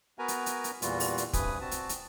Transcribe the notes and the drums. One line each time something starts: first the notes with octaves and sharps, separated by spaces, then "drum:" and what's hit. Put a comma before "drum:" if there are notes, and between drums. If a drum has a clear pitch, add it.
B3 F#4 A#4 B4 G#5 A#5
drum: hi-hat
drum: hi-hat
drum: hi-hat
E2 A#2 E3 G3 F4 F#4, drum: hi-hat
drum: open hi-hat
drum: hi-hat
G2 C3 B4 G#5 D#6, drum: kick, hi-hat
C4 F#4 A5
drum: hi-hat
drum: hi-hat